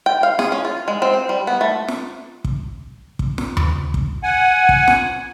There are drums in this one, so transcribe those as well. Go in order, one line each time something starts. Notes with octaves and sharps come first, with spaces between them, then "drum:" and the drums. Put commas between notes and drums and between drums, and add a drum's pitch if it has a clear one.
G5
F5
G#4, drum: snare
C#4
F4
G#3
C4
C5
G3
B3
A3
drum: snare
drum: kick
drum: kick
drum: snare
drum: tom D#2
drum: kick
F#5 G#5
drum: kick
drum: snare